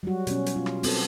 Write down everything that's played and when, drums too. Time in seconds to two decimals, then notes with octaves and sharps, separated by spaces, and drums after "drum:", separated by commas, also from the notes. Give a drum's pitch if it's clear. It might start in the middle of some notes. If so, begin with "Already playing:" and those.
0.03 F#3 G3 F#4
0.27 B2 C#4, drum: hi-hat
0.46 drum: hi-hat
0.56 F4
0.66 drum: rim click
0.83 B3 C4 A4, drum: open hi-hat